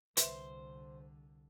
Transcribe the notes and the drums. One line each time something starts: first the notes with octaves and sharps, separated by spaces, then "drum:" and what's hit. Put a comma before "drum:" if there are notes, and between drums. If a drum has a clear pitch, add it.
C2 D3 B4 C5 E5, drum: hi-hat